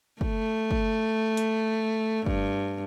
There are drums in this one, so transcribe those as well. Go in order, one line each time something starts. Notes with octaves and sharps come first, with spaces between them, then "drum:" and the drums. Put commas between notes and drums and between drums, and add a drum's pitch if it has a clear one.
A3, drum: kick
drum: kick
drum: hi-hat
G2, drum: kick